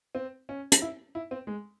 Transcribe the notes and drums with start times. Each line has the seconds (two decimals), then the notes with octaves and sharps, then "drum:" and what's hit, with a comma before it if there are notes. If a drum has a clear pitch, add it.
0.15 C4
0.49 C#4
0.72 drum: hi-hat
0.82 E4
1.15 E4
1.31 C4
1.47 G#3